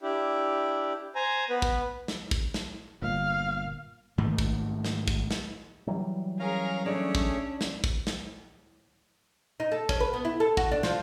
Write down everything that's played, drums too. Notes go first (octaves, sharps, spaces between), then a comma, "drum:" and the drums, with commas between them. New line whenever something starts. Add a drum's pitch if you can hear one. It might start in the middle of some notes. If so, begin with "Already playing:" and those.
D4 E4 G4
C5 G#5 A#5
B3 B4
drum: kick
drum: snare
drum: kick
drum: snare
G1 A#2 F5
G#2 D#3 A3 A#3
drum: kick
drum: snare
drum: kick
drum: snare
E3 F#3 G3
C#4 G#4 A#4 F5 A#5
A3 C#4 D4 G#4 C#5
drum: kick
drum: snare
drum: kick
drum: snare
D#4
A4
C#4, drum: kick
B4
B3
E4
A4
F#4, drum: kick
D4
F3, drum: snare